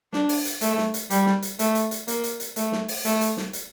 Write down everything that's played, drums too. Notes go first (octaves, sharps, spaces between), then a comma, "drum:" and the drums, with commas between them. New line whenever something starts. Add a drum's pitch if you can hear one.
D4, drum: snare
drum: open hi-hat
drum: hi-hat
A3, drum: hi-hat
drum: snare
drum: hi-hat
G3, drum: hi-hat
drum: snare
drum: hi-hat
A3, drum: hi-hat
drum: hi-hat
drum: hi-hat
A#3, drum: hi-hat
drum: hi-hat
drum: hi-hat
A3, drum: hi-hat
drum: snare
drum: open hi-hat
A3, drum: hi-hat
drum: hi-hat
drum: snare
drum: hi-hat